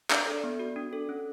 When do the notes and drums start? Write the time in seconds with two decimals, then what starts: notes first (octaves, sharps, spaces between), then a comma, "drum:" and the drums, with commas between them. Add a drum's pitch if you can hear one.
0.11 D4 D5, drum: clap
0.27 A4
0.44 B3
0.59 F#4
0.76 D4
0.93 A4
1.09 C#4